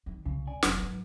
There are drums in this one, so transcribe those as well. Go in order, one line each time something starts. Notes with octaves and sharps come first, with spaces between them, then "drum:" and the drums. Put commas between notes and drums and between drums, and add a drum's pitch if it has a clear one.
D#3
C2 C#3
D5 G#5
F1 F#3 B4, drum: snare
G#2 E3